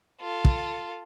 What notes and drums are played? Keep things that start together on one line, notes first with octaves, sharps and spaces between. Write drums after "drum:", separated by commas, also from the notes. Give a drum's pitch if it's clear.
F4 A4
drum: kick